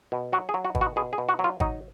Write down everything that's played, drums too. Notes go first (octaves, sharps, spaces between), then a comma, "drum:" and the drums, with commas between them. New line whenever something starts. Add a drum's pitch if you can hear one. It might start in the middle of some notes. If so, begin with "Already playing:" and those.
B2
F#3 F#4
G#4
F#3
F#4
B2, drum: kick G#1
F#4
B2 G#4
G#4
B2
F#4
F#3
F4
F#3 D#4, drum: kick G#1